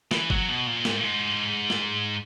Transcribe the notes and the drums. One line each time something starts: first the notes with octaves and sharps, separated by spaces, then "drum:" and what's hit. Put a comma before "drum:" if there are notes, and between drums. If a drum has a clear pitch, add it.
E3, drum: snare
F#3, drum: kick F#1
B2
A#2
G#2, drum: snare
A#2
G#2
drum: snare